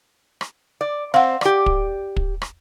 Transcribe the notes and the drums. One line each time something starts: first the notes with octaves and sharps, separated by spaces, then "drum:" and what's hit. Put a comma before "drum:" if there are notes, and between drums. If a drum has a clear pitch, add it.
drum: rim click
D5
C4 F5 F#5
G4 D5, drum: rim click
drum: kick
drum: kick
drum: rim click